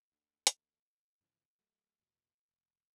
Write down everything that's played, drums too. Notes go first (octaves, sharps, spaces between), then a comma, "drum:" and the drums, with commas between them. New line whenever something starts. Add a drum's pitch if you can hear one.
D2 D3
drum: hi-hat
G2 C#3 E3 F3
F#3 A3
A1 E2 B2
E1